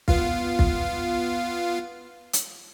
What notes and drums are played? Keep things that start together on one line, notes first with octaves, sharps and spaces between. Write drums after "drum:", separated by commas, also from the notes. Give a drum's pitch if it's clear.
B3 F4 F5, drum: kick
drum: kick
drum: hi-hat